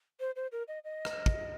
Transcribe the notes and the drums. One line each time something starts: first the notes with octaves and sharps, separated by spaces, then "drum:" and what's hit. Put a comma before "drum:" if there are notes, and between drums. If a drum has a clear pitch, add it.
C5
C5
A#4
D#5
D#5
drum: rim click
drum: kick